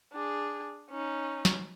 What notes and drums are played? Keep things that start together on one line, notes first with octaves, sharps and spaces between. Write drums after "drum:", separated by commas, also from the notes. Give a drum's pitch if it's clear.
D4 G#4
C#4 D#4
drum: snare